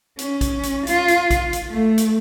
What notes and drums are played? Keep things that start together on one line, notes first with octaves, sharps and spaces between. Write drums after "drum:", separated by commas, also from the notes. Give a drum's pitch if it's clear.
C#4, drum: hi-hat
drum: kick A#1, hi-hat
drum: hi-hat
F4, drum: hi-hat
drum: hi-hat
drum: kick A#1, hi-hat
drum: hi-hat
A3
drum: hi-hat